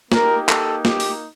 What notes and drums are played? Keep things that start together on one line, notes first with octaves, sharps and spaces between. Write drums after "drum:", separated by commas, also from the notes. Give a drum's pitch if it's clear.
A#3 D#4 G4 A#4, drum: snare
A4, drum: clap
G4, drum: snare
drum: open hi-hat